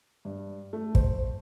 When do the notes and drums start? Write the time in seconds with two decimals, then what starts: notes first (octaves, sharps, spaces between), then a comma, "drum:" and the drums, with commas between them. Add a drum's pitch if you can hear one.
0.25 G2
0.73 A3
0.95 C5, drum: kick